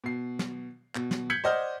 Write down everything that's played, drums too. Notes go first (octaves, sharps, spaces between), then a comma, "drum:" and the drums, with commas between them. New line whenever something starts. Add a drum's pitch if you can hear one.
B2 C7
drum: snare
B2, drum: clap
drum: snare
G6 G#6 B6 C#7 F#7
C5 D5 D#5 F#5 F6 G6